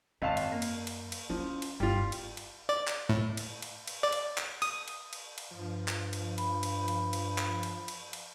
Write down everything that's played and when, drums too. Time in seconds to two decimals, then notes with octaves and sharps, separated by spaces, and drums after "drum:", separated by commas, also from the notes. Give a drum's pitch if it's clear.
0.22 G#1 F#2 F5 A5
0.37 drum: cymbal
0.52 A#3
0.62 drum: cymbal
0.87 drum: cymbal
1.12 drum: cymbal
1.30 F3 C#4 E4
1.62 drum: cymbal
1.80 G1 G3 F4
2.12 drum: cymbal
2.37 drum: cymbal
2.69 D5
2.87 drum: clap
3.09 A2
3.37 drum: cymbal
3.62 drum: cymbal
3.87 drum: cymbal
4.03 D5
4.13 drum: cymbal
4.38 drum: clap
4.62 D#6, drum: cymbal
4.88 drum: cymbal
5.13 drum: cymbal
5.38 drum: cymbal
5.51 G2 F3
5.88 drum: clap
6.13 drum: cymbal
6.38 B5, drum: cymbal
6.63 drum: cymbal
6.88 drum: cymbal
7.13 drum: cymbal
7.38 drum: clap
7.63 drum: cymbal
7.88 drum: cymbal
8.13 drum: cymbal